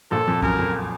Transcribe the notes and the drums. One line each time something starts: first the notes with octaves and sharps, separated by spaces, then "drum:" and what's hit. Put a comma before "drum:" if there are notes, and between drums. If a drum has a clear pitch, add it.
A#1 A#2 A4
F2
F#2 A#4, drum: kick B1
F2